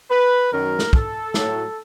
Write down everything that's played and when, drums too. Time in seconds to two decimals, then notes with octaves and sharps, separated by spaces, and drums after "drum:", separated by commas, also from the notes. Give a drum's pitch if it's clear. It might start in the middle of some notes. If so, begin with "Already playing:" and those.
0.10 B4
0.51 F#2 D#3 F#3 A#4
0.79 drum: snare
0.93 A4, drum: kick
1.34 A2 F#3, drum: snare